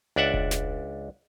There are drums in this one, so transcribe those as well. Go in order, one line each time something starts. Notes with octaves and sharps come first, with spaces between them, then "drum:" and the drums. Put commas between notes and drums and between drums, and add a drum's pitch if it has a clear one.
C#2 D4 D5 E5 F#5
drum: kick E1
drum: snare